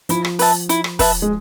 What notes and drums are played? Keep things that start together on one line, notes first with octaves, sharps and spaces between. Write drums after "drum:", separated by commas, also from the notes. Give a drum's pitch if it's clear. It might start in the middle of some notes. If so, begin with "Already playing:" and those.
F3 E4, drum: hi-hat
drum: rim click
B4 E5 A5, drum: open hi-hat
E4, drum: hi-hat
drum: rim click
B4 E5 A5, drum: kick, open hi-hat
G#3